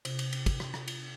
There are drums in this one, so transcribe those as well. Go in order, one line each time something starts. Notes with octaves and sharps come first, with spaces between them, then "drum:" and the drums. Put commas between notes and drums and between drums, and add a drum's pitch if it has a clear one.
C3, drum: cymbal
drum: cymbal
drum: cymbal
drum: kick, cymbal
drum: rim click
drum: rim click
drum: cymbal